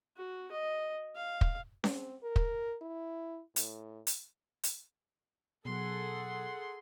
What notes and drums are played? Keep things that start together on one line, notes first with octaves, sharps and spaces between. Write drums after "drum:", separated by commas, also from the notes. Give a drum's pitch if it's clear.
F#4
D#5
F5
drum: kick
C4, drum: snare C#4
A#4
drum: kick
E4
A2, drum: hi-hat
drum: hi-hat
drum: hi-hat
B2 F#3 G#4 A4 F#5 C6